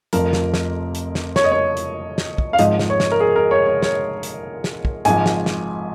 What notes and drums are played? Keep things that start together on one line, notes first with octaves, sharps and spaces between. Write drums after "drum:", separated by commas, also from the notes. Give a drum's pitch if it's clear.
F1 F2 F3 A#4, drum: hi-hat
drum: snare
drum: snare
drum: hi-hat
drum: snare
C#5, drum: snare
D#5
C#5
drum: hi-hat
drum: snare
drum: kick
F5
G#1 G#2 F3 D#5, drum: hi-hat
drum: snare
C#5
drum: snare
A#4
G#4
A#4
C#5
C#5
C#5, drum: snare
drum: hi-hat
drum: snare
drum: kick
G#1 G#2 F3 G#5, drum: hi-hat
drum: snare
drum: snare